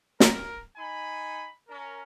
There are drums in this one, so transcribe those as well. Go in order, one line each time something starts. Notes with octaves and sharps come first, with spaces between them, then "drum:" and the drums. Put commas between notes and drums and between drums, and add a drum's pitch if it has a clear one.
A#4, drum: snare
D#4 G#5 B5
C#4 A#4